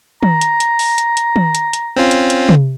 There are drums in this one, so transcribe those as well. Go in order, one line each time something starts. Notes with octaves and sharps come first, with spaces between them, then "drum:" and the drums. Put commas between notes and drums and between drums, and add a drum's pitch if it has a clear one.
A#5, drum: tom
drum: hi-hat
drum: hi-hat
drum: open hi-hat
drum: hi-hat
drum: hi-hat
drum: tom
drum: hi-hat
drum: hi-hat
C4 C#4 F4
drum: hi-hat
drum: hi-hat
drum: tom